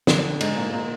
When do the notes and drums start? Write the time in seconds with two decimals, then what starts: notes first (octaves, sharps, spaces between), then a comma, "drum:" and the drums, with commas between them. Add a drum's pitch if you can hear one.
0.07 D3, drum: snare
0.41 G#2, drum: cymbal
0.57 A#2
0.73 A#2